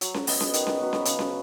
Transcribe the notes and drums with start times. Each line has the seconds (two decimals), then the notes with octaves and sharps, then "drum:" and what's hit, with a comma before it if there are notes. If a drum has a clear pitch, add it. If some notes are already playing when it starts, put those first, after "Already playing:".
0.01 F#3, drum: hi-hat
0.14 drum: snare C#4
0.27 B3 G#4 D#5, drum: open hi-hat
0.41 drum: snare C#4
0.53 D#3, drum: hi-hat
0.67 drum: snare C#4
0.79 F#3 B3 F#4
0.93 drum: snare C#4
1.05 C#3, drum: hi-hat
1.19 drum: snare C#4